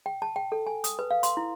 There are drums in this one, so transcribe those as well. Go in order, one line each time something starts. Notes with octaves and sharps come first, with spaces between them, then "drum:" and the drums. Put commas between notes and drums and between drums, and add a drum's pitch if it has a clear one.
G5
A5
G5
A4
G#5
D#6, drum: hi-hat
B4
F5
C6, drum: hi-hat
E4